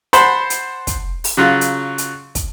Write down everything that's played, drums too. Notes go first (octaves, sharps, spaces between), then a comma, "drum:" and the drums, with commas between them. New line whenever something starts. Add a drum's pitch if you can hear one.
C5 F#5 A5 B5 C6, drum: hi-hat
drum: hi-hat
drum: kick, hi-hat
drum: open hi-hat
C#3 F#3 F4
drum: hi-hat
drum: hi-hat
drum: kick, hi-hat